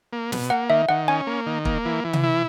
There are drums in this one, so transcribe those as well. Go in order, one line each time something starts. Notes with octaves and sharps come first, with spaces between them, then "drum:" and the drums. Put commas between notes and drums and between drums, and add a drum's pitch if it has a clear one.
A#3
B2, drum: snare
A#3 F#5
D#3 E5
D#3 F#5
C#4 G#5
A#3
D#3
A#3, drum: kick
E3
E3
drum: tom C3
E4